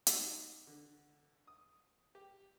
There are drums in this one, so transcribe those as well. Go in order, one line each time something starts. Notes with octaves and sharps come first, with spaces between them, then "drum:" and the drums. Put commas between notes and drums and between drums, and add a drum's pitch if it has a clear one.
D#4, drum: hi-hat
D3
D#6
G4